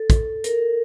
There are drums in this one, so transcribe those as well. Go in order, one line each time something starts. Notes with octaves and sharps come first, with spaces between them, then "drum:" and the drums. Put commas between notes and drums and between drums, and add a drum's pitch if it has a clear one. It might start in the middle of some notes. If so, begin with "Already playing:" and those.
Already playing: A4
drum: kick, hi-hat
A#4, drum: hi-hat